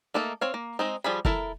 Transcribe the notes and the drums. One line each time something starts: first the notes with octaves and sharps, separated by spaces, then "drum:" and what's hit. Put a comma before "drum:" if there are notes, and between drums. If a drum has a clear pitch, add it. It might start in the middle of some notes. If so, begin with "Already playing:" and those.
A3 A#3 D#4 A4
C4 C#5 F5
A#3
G#3 C4 D#4
F3 G3 G#4 B5
E4 A4 A#4, drum: kick